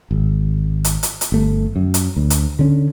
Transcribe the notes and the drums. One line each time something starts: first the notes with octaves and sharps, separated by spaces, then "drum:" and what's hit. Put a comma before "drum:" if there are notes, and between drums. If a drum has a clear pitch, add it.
G#1
drum: hi-hat
drum: hi-hat
drum: hi-hat
G1 A3
F#2
drum: hi-hat
D2
drum: hi-hat
D3 C#4